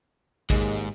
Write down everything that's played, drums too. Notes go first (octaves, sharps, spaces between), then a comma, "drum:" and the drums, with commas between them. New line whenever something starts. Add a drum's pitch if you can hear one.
D#2 G#2 G#3, drum: kick